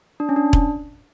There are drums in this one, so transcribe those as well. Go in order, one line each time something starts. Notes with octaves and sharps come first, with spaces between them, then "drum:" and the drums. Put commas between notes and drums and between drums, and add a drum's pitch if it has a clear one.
D4
C#4
D4
drum: kick E1